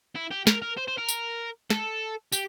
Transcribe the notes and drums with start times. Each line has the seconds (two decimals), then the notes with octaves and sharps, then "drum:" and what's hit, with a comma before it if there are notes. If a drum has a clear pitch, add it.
0.16 E4
0.31 G4
0.47 A#4, drum: snare
0.62 A#4
0.77 C5
0.88 C5
0.98 A#4
1.09 drum: tambourine
1.70 A4, drum: snare
2.32 G4, drum: tambourine